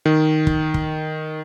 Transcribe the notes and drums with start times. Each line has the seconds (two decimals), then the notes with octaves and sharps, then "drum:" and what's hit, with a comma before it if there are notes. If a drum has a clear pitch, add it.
0.06 D#3
0.47 drum: kick
0.74 drum: kick